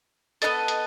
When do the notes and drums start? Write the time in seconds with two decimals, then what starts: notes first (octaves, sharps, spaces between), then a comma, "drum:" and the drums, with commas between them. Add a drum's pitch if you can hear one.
0.42 B3 E4 A4 D#5, drum: hi-hat
0.68 drum: hi-hat